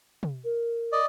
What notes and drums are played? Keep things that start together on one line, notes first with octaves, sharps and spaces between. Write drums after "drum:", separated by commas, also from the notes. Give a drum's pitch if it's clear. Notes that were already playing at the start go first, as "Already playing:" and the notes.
drum: tom
A#4
D5 D#5